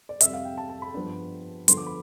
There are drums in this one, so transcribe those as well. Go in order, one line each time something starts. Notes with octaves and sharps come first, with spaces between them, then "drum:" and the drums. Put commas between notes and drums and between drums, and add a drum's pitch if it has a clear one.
D5
F2 C3 G3 E5, drum: hi-hat
F5
G5
A5
A5
B5
G2 F3 B3 D4
D3 F3 B3 D4 C6, drum: hi-hat
D6
B5